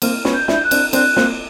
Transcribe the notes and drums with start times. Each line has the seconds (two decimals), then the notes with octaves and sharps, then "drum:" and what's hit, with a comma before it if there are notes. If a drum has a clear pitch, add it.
0.02 A#3 C4 F6, drum: cymbal
0.25 B3 C#4, drum: snare
0.33 G6
0.48 D4 E4, drum: snare
0.52 G6
0.64 F#6
0.71 C4 D4, drum: cymbal
0.93 C4 D4 F#6, drum: cymbal
1.16 A#3 C4, drum: snare